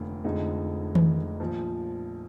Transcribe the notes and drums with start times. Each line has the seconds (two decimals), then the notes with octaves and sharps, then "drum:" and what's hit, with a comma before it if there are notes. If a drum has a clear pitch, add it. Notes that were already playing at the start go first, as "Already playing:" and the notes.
Already playing: F1 D#2 D3
0.24 F1 F2 D3 G#3 D#4
0.95 drum: tom D#3
1.40 A#1 A#2 F3